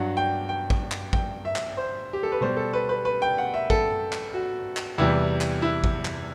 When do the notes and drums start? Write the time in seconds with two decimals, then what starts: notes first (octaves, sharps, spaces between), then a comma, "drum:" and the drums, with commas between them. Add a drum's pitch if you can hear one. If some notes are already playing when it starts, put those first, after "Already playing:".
Already playing: G2 F#3 F#5
0.17 G5
0.49 G5
0.70 drum: kick A1
0.92 drum: clap
1.13 G5, drum: kick A1
1.45 E5
1.56 drum: clap
1.77 C5
2.13 G4
2.23 A4
2.32 B4
2.41 B2 G3 C5
2.57 A4
2.73 B4
2.89 B4
3.05 B4
3.22 G5
3.38 F#5
3.54 E5
3.70 A4, drum: kick A1
4.13 drum: clap
4.34 F#4
4.77 drum: clap
4.98 E2 C3 E3 G3 E4
5.41 drum: clap
5.62 E4
5.84 drum: kick A1
6.05 drum: clap